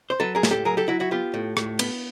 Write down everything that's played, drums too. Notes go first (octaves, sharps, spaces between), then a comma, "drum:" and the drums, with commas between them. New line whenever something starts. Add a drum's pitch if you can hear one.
C5
F#3 A4 B4
G#4 A#4
A2, drum: snare
G4 A4
F#3 G#4 A#4
G4 A4
F#3 E4 F#4
E4 F#4
B3 F4 G4
A2
A2, drum: rim click
B3, drum: cymbal